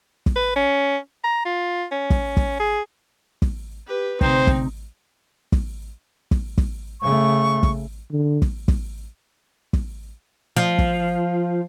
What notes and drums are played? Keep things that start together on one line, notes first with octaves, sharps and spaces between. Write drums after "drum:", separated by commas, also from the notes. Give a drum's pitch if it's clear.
drum: kick
B4
C#4
A#5
F4
C#4
drum: kick
drum: kick
G#4
drum: kick
G4 B4
D2 A2 C3 C4 D#4 C5, drum: kick
drum: kick
drum: kick
drum: kick
drum: kick
C#3 A3 C#6
drum: kick
D3
drum: kick
drum: kick
drum: kick
F3
drum: kick